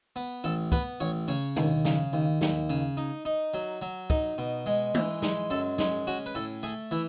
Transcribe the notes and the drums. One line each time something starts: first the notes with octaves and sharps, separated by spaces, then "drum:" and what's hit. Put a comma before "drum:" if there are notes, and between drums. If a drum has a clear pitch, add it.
B3
A1 A4
B3 B4, drum: kick
A1 C#5
C#3 C#5
D#2, drum: tom
C#3, drum: snare
D#2
D#2, drum: snare
C#3
D#4
D#4
F#3
F#3
D#4, drum: kick
B2
G#3
E3, drum: tom G#3
G#3, drum: snare
F#2 A4
G#3 G#4, drum: snare
C#4 F#4
B4
A2 A4
A3 G#4
E3 E4